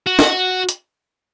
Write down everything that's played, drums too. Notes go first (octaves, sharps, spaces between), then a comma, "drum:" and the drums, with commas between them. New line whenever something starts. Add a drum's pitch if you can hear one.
F#4
drum: snare
drum: hi-hat